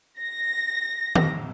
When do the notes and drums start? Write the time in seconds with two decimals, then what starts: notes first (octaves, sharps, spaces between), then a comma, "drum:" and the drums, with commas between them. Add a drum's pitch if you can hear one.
0.19 A#6
1.15 drum: tom D#3